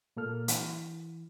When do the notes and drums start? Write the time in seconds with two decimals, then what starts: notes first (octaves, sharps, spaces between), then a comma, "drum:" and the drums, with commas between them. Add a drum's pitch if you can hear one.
0.17 A#2 A#3 A4 F6
0.48 E3, drum: hi-hat